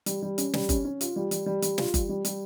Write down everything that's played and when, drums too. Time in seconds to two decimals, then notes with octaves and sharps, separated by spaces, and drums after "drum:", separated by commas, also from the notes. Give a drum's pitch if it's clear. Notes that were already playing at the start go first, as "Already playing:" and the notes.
0.06 G3, drum: hi-hat
0.23 G3
0.38 C#4, drum: hi-hat
0.54 G3, drum: snare
0.69 C#4, drum: kick F#1, hi-hat
0.85 C#4
1.01 F4, drum: hi-hat
1.16 G3
1.31 G3, drum: hi-hat
1.46 G3
1.62 G3, drum: hi-hat
1.78 F4, drum: snare
1.94 G3, drum: kick F#1, hi-hat
2.09 G3
2.25 G3, drum: hi-hat